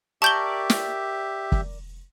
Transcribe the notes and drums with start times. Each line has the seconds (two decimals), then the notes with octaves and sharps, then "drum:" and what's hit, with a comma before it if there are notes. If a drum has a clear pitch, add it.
0.22 G4 A#4 D5 E5 A5 C#6 G6 G7
0.70 drum: snare
1.52 drum: kick